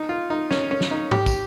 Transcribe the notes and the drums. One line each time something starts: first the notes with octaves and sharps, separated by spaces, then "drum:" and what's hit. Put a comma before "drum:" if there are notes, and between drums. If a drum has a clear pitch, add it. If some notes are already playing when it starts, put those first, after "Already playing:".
Already playing: D#4
F4
D#4
C#4, drum: snare
C#4
drum: snare
D#4
G4, drum: tom G#2
drum: kick, tambourine